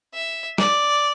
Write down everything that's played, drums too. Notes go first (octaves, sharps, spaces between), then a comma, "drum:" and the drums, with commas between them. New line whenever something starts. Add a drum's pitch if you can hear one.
E5
D5, drum: snare